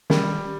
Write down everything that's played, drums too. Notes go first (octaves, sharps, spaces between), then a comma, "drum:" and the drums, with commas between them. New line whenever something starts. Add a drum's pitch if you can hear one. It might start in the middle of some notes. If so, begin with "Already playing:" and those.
D#3 G3, drum: snare